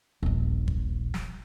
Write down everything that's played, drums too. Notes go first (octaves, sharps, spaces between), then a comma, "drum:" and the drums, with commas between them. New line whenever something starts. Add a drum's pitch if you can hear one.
D#1 A#1
drum: kick G1
drum: snare